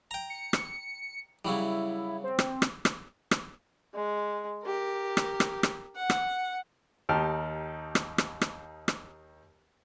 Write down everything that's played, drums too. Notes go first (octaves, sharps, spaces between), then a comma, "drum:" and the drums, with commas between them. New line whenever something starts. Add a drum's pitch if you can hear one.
G5 A#5
C#7
drum: rim click
C#3 F#3 G3 E4
C4
drum: rim click
drum: rim click
drum: rim click
drum: rim click
G#3
G4 A#4
drum: rim click
drum: rim click
drum: rim click
F#5
drum: rim click
D#2 D#4 G4 G5 A5 F6
drum: rim click
drum: rim click
drum: rim click
drum: rim click